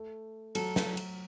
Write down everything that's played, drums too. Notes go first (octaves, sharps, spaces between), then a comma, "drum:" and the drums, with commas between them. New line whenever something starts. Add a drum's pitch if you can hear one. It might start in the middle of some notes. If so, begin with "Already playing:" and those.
Already playing: A3
F#3 A4, drum: cymbal
drum: snare
drum: cymbal